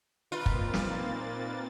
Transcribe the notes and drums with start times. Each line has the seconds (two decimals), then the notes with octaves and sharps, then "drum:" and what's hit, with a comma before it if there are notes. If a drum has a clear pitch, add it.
0.32 A#2 A#3 C4 D#4 F4 B4 A6
0.46 drum: kick
0.74 drum: snare